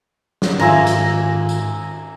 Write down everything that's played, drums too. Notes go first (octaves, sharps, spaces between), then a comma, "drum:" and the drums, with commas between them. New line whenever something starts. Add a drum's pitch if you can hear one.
drum: snare
G#2 D#3 F4 E5 G#5 A#5, drum: cymbal
drum: hi-hat
drum: tambourine